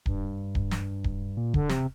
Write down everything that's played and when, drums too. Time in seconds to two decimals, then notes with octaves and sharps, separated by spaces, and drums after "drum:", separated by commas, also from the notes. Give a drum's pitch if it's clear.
0.06 G2, drum: kick D1
0.55 drum: kick D1
0.71 drum: snare
1.04 drum: kick D1
1.37 A#2
1.54 D3, drum: kick D1
1.69 C3, drum: snare